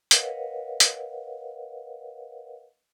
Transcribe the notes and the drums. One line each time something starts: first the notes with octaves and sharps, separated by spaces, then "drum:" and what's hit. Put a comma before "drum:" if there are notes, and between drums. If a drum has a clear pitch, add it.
A#4 B4 C#5 D#5 F5 F#5, drum: hi-hat
drum: hi-hat